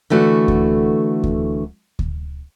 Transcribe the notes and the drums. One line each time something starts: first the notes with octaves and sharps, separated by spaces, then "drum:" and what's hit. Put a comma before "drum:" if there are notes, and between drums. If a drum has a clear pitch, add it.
D3 E3 A3 F#4
drum: kick D2
drum: kick D2
drum: kick D2